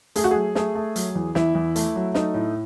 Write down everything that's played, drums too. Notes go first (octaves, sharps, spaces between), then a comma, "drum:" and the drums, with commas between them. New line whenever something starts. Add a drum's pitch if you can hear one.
A3 G#4, drum: hi-hat
F#4
F#3 G#4
A3 G#4, drum: snare
A3
F#3, drum: hi-hat
E2
E2 E4, drum: snare
E2
A3, drum: hi-hat
F#3
A3 D#4, drum: snare
A2